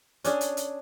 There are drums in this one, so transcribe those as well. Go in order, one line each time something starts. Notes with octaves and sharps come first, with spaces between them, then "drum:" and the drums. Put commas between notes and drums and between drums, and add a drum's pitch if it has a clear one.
C#4 D4 G#4, drum: hi-hat
drum: hi-hat
drum: hi-hat